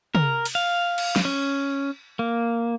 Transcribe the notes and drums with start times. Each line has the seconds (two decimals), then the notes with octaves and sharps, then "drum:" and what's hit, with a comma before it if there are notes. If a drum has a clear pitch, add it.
0.15 A#4, drum: tom
0.45 drum: cymbal
0.55 F5
0.98 drum: cymbal
1.16 drum: snare
1.25 C#4
2.19 A#3